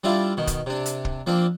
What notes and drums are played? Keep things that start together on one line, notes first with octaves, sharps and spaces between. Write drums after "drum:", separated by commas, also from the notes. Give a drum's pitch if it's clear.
G3 D4 E4 F4 D5
B2 D#3
drum: kick, hi-hat
C3 D4
drum: hi-hat
drum: kick
F3 A#3 C4 D4